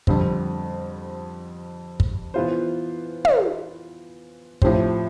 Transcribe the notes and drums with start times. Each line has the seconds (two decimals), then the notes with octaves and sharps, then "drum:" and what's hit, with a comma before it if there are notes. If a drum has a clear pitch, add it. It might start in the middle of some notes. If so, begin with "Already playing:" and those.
0.07 F2 D3 G3 C4, drum: kick
2.00 drum: kick
2.34 E3 B3 F4 C5
3.25 drum: tom
4.62 A2 F3 C4 G4 C5, drum: kick